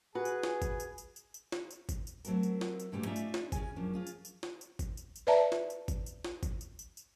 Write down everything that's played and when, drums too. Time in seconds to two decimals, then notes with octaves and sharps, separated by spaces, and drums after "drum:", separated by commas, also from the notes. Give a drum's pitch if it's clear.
0.15 F#4 G#4 B4 G#5
0.25 drum: tambourine
0.43 drum: snare
0.62 drum: kick, tambourine
0.80 drum: tambourine
0.98 drum: tambourine
1.16 drum: tambourine
1.34 drum: tambourine
1.52 drum: snare
1.71 drum: tambourine
1.89 drum: kick, tambourine
2.07 drum: tambourine
2.25 F#3 A3 C4 F#4 A#4, drum: tambourine
2.43 drum: tambourine
2.61 drum: snare
2.80 drum: tambourine
2.92 G2 A#2 G3 A3 C#4 F#4
3.06 A3 C#4 D#4 F4 D5 E5
3.16 drum: tambourine
3.34 drum: snare
3.52 C#3 C#4 G#4 G#5, drum: kick, tambourine
3.76 F#2 F3 C#4 D4
3.94 C#4 F4 G#4
4.07 drum: tambourine
4.25 drum: tambourine
4.43 drum: snare
4.61 drum: tambourine
4.79 drum: kick, tambourine
4.97 drum: tambourine
5.16 drum: tambourine
5.27 B4 D5 E5 A5 A#5
5.52 drum: snare
5.70 drum: tambourine
5.88 drum: kick, tambourine
6.06 drum: tambourine
6.24 drum: snare
6.43 drum: kick, tambourine
6.61 drum: tambourine
6.79 drum: tambourine
6.97 drum: tambourine